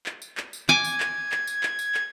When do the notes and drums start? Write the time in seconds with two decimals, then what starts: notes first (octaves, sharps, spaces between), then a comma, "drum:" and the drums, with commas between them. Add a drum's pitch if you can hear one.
0.06 drum: clap
0.22 drum: tambourine
0.37 drum: clap
0.53 drum: tambourine
0.69 G#5 D6 G#6, drum: clap
0.85 drum: tambourine
1.00 drum: clap
1.32 drum: clap
1.47 drum: tambourine
1.63 drum: clap
1.79 drum: tambourine
1.95 drum: clap